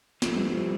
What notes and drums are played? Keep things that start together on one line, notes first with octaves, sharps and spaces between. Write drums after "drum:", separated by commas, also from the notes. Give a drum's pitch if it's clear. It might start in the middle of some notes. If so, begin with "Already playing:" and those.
G2 E3 F3 A3 C4, drum: snare
G3
F3